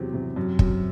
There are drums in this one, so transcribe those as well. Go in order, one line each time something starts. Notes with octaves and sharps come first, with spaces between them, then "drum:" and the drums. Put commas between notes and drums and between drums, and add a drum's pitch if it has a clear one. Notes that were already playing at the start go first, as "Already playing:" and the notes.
Already playing: E2 C3 F#3
C3
F#2
F#2, drum: kick